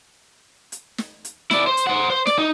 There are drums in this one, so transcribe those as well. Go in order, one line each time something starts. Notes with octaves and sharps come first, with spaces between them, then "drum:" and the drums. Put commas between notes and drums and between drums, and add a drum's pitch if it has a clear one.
drum: hi-hat
drum: snare
drum: hi-hat
E4 D5, drum: snare
C5
drum: hi-hat
C5 F#5
C5
D5, drum: snare
D#4